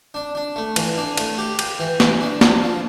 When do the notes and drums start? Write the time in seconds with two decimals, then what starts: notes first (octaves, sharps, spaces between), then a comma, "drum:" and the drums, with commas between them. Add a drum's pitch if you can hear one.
0.14 D4
0.35 D4
0.56 A3
0.76 E3, drum: cymbal
0.97 D4
1.17 A3, drum: cymbal
1.38 G4
1.59 G4, drum: cymbal
1.79 E3
2.00 E3, drum: snare
2.21 D4
2.41 F3, drum: snare
2.62 F3